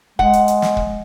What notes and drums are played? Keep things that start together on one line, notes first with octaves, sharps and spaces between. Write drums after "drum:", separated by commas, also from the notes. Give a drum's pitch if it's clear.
G#3 F#5, drum: kick
drum: hi-hat
drum: hi-hat
drum: snare
drum: kick